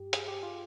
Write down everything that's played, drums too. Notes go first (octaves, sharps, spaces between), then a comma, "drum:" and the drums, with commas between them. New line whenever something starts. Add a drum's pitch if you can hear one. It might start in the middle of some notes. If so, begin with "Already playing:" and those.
Already playing: G2 G4
G#4, drum: hi-hat
G4
F4